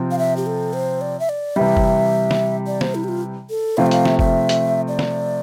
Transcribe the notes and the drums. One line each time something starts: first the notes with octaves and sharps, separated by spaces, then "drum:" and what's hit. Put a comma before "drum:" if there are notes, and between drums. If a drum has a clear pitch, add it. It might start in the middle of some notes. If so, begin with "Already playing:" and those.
Already playing: C3 F3 C4
F5
E5
G4
A4
C5
D5
E5
D5
C3 E3 G3 E5
drum: kick
drum: snare
D5
C5, drum: snare
E4
G4
F4
A4
C3 F3 A3 C4 F5
E5
F5, drum: hi-hat
E5, drum: snare
E5, drum: kick
drum: hi-hat
D5
drum: snare